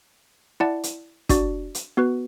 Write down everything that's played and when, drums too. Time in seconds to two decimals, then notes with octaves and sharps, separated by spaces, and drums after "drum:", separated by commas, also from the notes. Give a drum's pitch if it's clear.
0.60 E4 D5 F#5 A5
0.83 drum: hi-hat
1.29 D4 F#4 D5, drum: kick, hi-hat
1.75 drum: hi-hat
1.97 B3 F#4 B4